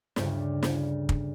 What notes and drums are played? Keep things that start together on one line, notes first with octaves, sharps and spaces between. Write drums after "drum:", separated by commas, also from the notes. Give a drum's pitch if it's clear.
D2 G2 C#3 G3, drum: snare
drum: snare
drum: kick